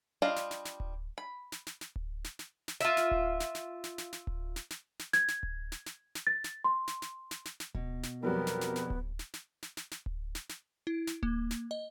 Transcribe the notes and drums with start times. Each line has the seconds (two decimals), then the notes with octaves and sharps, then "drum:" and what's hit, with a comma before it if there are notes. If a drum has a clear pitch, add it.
0.22 G3 D4 F4 D#5 F5
0.37 drum: snare
0.51 drum: snare
0.65 drum: snare
0.80 drum: kick D1
1.18 B5
1.52 drum: snare
1.67 drum: snare
1.81 drum: snare
1.96 drum: kick D1
2.25 drum: snare
2.39 drum: snare
2.68 drum: snare
2.81 F4 E5, drum: snare
2.97 drum: snare
3.11 drum: kick D1
3.40 drum: snare
3.55 drum: snare
3.84 drum: snare
3.98 drum: snare
4.13 drum: snare
4.27 drum: kick D1
4.56 drum: snare
4.71 drum: snare
5.00 drum: snare
5.13 G#6, drum: snare
5.29 drum: snare
5.43 drum: kick D1
5.72 drum: snare
5.86 drum: snare
6.15 drum: snare
6.27 A6
6.44 drum: snare
6.64 C6
6.88 drum: snare
7.02 drum: snare
7.31 drum: snare
7.46 drum: snare
7.60 drum: snare
7.75 B2, drum: kick D1
8.04 drum: snare
8.23 F2 F#3 G3 B3 A#4
8.47 drum: snare
8.61 drum: snare
8.76 drum: snare
8.90 drum: kick D1
9.19 drum: snare
9.34 drum: snare
9.63 drum: snare
9.77 drum: snare
9.92 drum: snare
10.06 drum: kick D1
10.35 drum: snare
10.50 drum: snare
10.87 E4
11.07 drum: snare
11.23 A#3, drum: kick D1
11.51 drum: snare
11.71 D#5